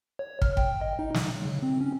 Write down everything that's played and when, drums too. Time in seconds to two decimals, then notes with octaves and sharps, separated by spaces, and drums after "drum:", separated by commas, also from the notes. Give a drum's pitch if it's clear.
0.19 C#5
0.42 F6, drum: kick
0.57 G5, drum: kick
0.81 D#5
0.99 D#4
1.14 F#3, drum: snare
1.45 C#3
1.63 C4
1.81 C#4